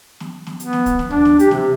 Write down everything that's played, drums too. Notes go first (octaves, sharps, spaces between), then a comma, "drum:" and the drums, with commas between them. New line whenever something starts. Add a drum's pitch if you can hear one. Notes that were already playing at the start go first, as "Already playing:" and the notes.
drum: snare
drum: snare
B3, drum: hi-hat
drum: snare
drum: kick, hi-hat
drum: snare
D4, drum: tom D2
drum: snare
G4, drum: hi-hat
C3, drum: snare